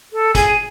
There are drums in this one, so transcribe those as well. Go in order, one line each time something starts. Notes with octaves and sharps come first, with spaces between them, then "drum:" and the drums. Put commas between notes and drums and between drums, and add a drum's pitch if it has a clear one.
A4
G#4, drum: kick, hi-hat